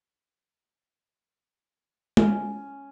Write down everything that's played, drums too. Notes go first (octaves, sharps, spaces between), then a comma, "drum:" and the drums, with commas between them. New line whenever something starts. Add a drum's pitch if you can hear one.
C#4, drum: tom G#3